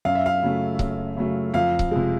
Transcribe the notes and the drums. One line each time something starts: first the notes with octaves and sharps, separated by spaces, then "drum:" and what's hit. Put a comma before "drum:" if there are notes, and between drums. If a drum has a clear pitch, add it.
F#2 F5
E5
F5
C#3 F#3 A3
F#2, drum: kick C#1
C#3 F#3 A3
F2 F5
drum: kick C#1
C3 F3 G#3